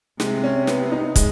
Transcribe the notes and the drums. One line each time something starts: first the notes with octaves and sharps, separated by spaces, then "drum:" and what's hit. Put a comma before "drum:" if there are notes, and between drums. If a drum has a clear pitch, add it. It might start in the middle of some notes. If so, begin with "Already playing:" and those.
C3 G#3, drum: snare
C#4
B3, drum: snare
D#4
G#3, drum: kick, hi-hat